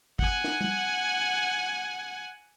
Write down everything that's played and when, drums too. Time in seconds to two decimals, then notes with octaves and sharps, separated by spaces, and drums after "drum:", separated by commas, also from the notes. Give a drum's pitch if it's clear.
0.19 F#5 G#5, drum: kick
0.44 drum: snare
0.61 drum: tom G3